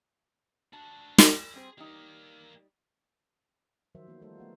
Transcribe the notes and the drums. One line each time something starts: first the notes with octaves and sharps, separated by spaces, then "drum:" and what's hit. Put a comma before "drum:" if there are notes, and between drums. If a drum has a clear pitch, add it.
D4 F#4 A5
drum: snare
E4
G3 C4 G#4 C5
G3 A#3 D#4 G4
D#3 F3 F#3 A#4 C5 E5
E3 A#3 B3 F4
G3 A3 D#4 F4 A4 C5
A3 B3 F#4